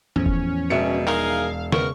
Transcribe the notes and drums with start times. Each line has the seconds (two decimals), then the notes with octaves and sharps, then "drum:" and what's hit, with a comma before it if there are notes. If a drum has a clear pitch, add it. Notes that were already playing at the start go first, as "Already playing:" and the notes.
0.16 E2 A2 F3 C#4
0.26 drum: kick F1
0.70 E1 B2 E5 C#7
1.07 D#4 G#4 A#4 F5, drum: clap
1.72 C#3 B3 A#4 C#6, drum: snare